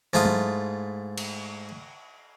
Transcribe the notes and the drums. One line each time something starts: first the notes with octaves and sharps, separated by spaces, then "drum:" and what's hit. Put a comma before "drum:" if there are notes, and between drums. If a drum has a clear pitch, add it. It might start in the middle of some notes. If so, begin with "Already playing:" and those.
G#2 A3 E4 F4 D#6
drum: tom F#3
drum: cymbal